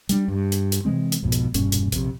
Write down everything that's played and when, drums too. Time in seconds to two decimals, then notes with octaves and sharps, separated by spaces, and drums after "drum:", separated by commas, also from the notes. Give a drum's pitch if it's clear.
0.09 G3 G#3 D4, drum: hi-hat
0.28 G2
0.52 drum: hi-hat
0.72 drum: hi-hat
0.85 C3 E3 G#3 C4
1.12 drum: hi-hat
1.23 B1 F2 G#2 B2
1.32 drum: hi-hat
1.54 E1 G2 A#2 C#4, drum: hi-hat
1.72 drum: hi-hat
1.92 A#1 F2 C3, drum: hi-hat